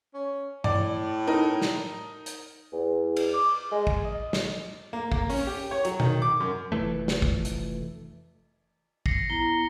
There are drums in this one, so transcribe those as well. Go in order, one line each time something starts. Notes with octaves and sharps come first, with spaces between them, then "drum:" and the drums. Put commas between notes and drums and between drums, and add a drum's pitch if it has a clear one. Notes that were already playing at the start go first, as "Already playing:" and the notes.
C#4
A2 D5, drum: tom G2
D#4 A#4
drum: snare
drum: hi-hat
E2
drum: cymbal
D6
G#3
drum: kick
D#5
drum: snare
A#3
A#3, drum: kick
C#4, drum: open hi-hat
G4
C#5
F#3, drum: hi-hat
D#3, drum: tom B2
D6
F#2
F1 F2 E3 A3
drum: snare
drum: kick
drum: hi-hat
A#6 C7 C#7, drum: kick
B3 E4 A#5 A#6 G7